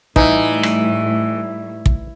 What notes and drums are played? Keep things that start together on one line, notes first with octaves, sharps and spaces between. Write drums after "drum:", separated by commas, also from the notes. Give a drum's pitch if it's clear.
A2 E3 G3 A3 D#4, drum: kick
drum: rim click
drum: kick